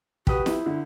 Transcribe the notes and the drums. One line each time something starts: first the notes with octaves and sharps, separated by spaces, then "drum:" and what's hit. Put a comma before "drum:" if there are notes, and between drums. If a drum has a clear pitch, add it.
F#4 G4 B4 D#6, drum: kick
E4, drum: snare
D3